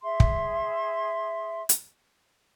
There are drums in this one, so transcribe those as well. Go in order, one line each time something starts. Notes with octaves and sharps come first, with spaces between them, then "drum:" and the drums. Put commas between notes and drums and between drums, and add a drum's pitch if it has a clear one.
G#4 E5 C6
drum: kick
drum: hi-hat